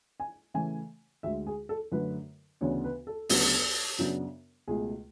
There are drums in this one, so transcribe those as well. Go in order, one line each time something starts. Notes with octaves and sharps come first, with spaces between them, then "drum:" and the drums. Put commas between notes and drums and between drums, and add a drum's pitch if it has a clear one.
G#5
C#3 E3 A3 G#5
D2 D3 G#3 E5
G#4
A4
F#2 D3 F#3 A3 B4
D2 C#3 E3 B3 D4 C#5
B4
A4
D2 C#3 F#3 B3 D4, drum: open hi-hat
F#2 C#3 F#3 B3 D4
C#2 B2 A3 G#4